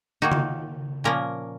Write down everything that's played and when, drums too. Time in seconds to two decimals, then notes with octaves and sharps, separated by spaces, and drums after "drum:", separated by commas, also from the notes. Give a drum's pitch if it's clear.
0.22 D#3 A#3 D#4 F#4
0.32 drum: tom C#3
1.04 A#2 F3 A#3 C#4 A#4